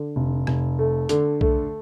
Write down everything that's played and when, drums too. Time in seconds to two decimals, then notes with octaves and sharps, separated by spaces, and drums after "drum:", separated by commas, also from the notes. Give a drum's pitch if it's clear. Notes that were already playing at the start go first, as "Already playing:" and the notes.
Already playing: D3
0.16 F1
0.47 F1, drum: rim click
0.79 A3
1.09 D3, drum: hi-hat
1.41 A3, drum: kick B1